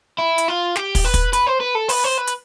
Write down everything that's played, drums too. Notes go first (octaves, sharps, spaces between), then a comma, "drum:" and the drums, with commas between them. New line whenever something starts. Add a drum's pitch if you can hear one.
E4
drum: hi-hat
F4
G4, drum: snare
drum: kick, open hi-hat
B4
drum: kick, hi-hat
B4, drum: hi-hat
C5
B4
A4
B4, drum: open hi-hat
C5
B4
drum: hi-hat